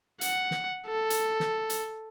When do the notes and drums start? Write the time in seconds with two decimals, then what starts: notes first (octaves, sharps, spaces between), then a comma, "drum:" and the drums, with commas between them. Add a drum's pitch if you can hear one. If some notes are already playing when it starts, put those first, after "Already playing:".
0.21 F#5, drum: hi-hat
0.51 drum: snare
0.87 A4
1.10 drum: hi-hat
1.40 drum: snare
1.70 drum: hi-hat